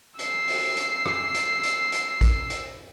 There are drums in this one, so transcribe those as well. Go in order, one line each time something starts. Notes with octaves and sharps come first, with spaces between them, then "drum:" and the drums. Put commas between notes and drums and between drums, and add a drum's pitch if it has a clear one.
E6 C7, drum: hi-hat
drum: open hi-hat
drum: hi-hat
drum: rim click
drum: hi-hat
drum: hi-hat
drum: hi-hat
drum: kick, hi-hat
drum: hi-hat